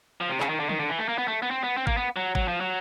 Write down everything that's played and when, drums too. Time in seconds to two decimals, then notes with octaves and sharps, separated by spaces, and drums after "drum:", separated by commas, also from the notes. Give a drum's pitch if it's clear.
0.21 F3
0.30 C3
0.40 C#3, drum: clap
0.49 D#3
0.60 D3
0.69 D#3, drum: tom D#3
0.80 D3
0.89 E3
0.98 A3
1.09 A#3
1.18 B3
1.28 A3
1.42 B3
1.51 C4
1.64 B3
1.77 C4
1.87 A#3, drum: kick G#1
1.97 B3
2.16 F#3
2.35 F#3, drum: kick G#1
2.48 F3
2.61 F#3